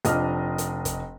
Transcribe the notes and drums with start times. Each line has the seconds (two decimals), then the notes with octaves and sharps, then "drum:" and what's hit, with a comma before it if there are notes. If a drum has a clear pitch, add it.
0.05 F1 F3 D4 D#5 F6, drum: hi-hat
0.58 drum: hi-hat
0.85 drum: kick, hi-hat